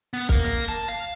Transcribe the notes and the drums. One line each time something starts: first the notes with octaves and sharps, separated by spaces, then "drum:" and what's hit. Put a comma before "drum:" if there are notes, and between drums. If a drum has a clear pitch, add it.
B3
A#4 F5, drum: kick
drum: hi-hat
A5
F5